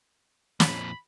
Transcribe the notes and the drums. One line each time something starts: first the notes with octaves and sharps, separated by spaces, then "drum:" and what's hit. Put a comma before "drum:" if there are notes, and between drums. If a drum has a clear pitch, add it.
F2 A#2 B5, drum: snare